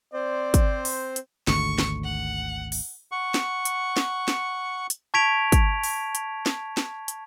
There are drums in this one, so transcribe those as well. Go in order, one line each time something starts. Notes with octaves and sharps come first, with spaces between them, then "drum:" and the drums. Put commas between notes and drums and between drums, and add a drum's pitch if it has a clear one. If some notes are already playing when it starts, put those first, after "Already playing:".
C4 C5 D5
drum: kick, hi-hat
drum: open hi-hat
drum: hi-hat
G#1 D2 D3 C#6, drum: snare
drum: snare
F#5
drum: open hi-hat
F#5 C#6
drum: snare
drum: hi-hat
drum: snare
drum: snare
drum: hi-hat
A5 C#6 G#6 B6 D7 F7
drum: kick, hi-hat
drum: open hi-hat
drum: hi-hat
drum: snare
drum: snare
drum: hi-hat